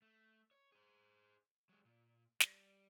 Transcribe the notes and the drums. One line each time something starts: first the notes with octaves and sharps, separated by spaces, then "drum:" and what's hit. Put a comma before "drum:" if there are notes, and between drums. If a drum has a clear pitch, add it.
A3
C#5
G#4 C5
F#3 G#3
A#2
G3, drum: snare